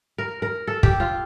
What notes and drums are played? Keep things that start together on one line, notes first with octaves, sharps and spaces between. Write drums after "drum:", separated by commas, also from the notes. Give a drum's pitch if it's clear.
A#4
A#4
A4
G4, drum: kick
F4